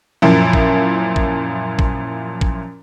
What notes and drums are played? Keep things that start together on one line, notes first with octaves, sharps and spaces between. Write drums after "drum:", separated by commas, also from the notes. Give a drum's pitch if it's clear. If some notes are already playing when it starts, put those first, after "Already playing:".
F#2 A#2 F3 E4
drum: kick
drum: kick
drum: kick
drum: kick